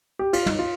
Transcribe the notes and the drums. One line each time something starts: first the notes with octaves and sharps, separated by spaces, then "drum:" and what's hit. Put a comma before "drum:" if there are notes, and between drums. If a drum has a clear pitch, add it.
G4
F4, drum: cymbal
D#4, drum: tom
F4